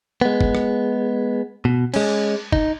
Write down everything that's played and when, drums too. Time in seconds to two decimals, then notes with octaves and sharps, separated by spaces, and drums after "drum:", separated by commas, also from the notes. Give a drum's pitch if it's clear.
0.21 G#3 B3
0.41 drum: kick
0.55 drum: rim click
1.65 B2
1.94 G#3 C#4, drum: cymbal
2.53 D#4, drum: kick